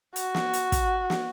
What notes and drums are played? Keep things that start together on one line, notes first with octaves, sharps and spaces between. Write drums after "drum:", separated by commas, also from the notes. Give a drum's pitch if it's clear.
F#4, drum: hi-hat
drum: snare
drum: hi-hat
drum: kick, hi-hat
drum: snare